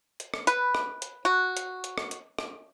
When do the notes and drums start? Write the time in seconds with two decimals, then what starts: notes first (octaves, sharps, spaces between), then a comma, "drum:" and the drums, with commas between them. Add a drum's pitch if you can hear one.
0.20 drum: hi-hat
0.34 drum: rim click
0.47 B4, drum: hi-hat
0.75 drum: rim click
1.02 drum: hi-hat
1.25 F#4
1.57 drum: hi-hat
1.84 drum: hi-hat
1.98 drum: rim click
2.11 drum: hi-hat
2.39 drum: rim click